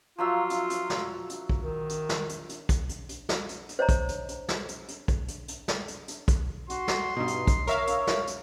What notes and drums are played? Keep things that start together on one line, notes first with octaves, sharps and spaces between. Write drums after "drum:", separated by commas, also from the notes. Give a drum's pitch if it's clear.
F3 F#3 F4 E5
drum: hi-hat
drum: hi-hat
drum: snare
drum: hi-hat
drum: kick
D#3
drum: hi-hat
drum: snare
drum: hi-hat
drum: hi-hat
drum: kick, hi-hat
drum: hi-hat
drum: hi-hat
drum: snare
drum: hi-hat
drum: hi-hat
C5 C#5 D#5 A#5
drum: kick, hi-hat
drum: hi-hat
drum: hi-hat
drum: snare
drum: hi-hat
drum: hi-hat
drum: kick, hi-hat
drum: hi-hat
drum: hi-hat
drum: snare
drum: hi-hat
drum: hi-hat
drum: kick, hi-hat
F#4 C6, drum: hi-hat
drum: snare
G2 B2 D#4
drum: hi-hat
drum: kick, hi-hat
A#4 C#5 E5 F5, drum: hi-hat
drum: hi-hat
drum: snare
drum: hi-hat